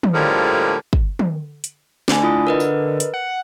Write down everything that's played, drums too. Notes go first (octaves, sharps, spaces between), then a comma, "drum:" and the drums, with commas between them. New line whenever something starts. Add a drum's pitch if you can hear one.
drum: tom
A2 D3 F3 G3 G#3 A#3
drum: kick
drum: tom
drum: hi-hat
D3 A3 G#5, drum: snare
E4 F4 D#6
A#4 B4 D#5
drum: tambourine
drum: hi-hat
F#5